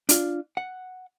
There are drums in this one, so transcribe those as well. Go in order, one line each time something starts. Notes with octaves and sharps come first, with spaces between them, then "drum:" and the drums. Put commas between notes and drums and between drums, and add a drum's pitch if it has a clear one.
D4 F4, drum: hi-hat
F#5